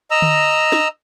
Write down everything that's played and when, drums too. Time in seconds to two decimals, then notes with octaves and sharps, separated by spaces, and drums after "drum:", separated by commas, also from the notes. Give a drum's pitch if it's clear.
0.11 D#5 A#5 E6
0.22 drum: tom D3
0.72 drum: snare